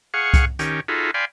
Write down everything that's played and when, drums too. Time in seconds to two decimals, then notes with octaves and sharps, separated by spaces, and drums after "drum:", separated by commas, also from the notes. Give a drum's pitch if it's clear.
0.14 G#4 F5 F#5 C#6
0.34 drum: kick C2, hi-hat
0.59 D#3 C#4 G4, drum: hi-hat
0.88 D#4 F4 F#4 G#4 A4 B5
1.14 D5 F5 G5 G#5 B5 C6